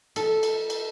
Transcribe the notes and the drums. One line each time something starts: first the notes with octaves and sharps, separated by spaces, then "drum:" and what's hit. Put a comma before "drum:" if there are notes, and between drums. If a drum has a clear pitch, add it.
A4, drum: cymbal
drum: cymbal
drum: cymbal